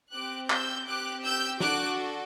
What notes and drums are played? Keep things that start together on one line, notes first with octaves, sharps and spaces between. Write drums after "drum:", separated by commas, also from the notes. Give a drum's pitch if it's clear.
C4 G4 D6 F#6
E6 G6, drum: clap
C4 G4 D6 F#6
E6 G6
D4 F#4 A4 D6 F#6, drum: snare